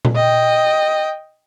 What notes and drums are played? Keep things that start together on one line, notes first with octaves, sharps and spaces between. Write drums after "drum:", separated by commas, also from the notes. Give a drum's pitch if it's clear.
drum: tom A#2
D#5 G5